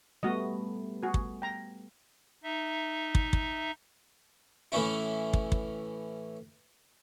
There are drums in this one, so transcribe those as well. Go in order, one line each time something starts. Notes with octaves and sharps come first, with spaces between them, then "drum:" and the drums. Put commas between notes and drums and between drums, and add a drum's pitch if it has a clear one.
G3 A3 B3 F#4 D#5
F#4 G#4
drum: kick
G5 A#5
D#4 E5
drum: kick
drum: kick
A2 E3 C#4 E4
drum: kick
drum: kick